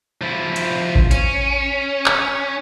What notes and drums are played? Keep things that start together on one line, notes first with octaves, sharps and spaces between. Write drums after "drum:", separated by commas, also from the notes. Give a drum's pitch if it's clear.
F3 E4
drum: cymbal
drum: kick A1
C#4, drum: hi-hat
drum: clap